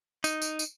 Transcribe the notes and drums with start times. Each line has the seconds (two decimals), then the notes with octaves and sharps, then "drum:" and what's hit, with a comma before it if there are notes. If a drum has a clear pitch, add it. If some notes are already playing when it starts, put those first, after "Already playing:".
0.24 D#4, drum: tambourine
0.42 drum: tambourine
0.59 drum: tambourine